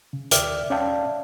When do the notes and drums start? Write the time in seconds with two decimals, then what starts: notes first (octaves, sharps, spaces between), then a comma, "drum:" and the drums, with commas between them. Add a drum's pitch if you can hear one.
0.13 C#3
0.31 D#2 D5 E5 G5 D6 F6, drum: hi-hat
0.70 C#4 D5 E5 F5 G5 A5